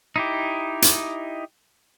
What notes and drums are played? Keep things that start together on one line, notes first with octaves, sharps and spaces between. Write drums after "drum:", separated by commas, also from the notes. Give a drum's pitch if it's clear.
D#4 E4 G4
drum: hi-hat